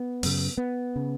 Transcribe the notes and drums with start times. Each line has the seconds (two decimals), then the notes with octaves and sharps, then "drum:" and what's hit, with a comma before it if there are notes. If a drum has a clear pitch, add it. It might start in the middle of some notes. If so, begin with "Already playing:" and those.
Already playing: B3
0.23 F#2 C#3, drum: open hi-hat
0.57 B3
0.96 C#3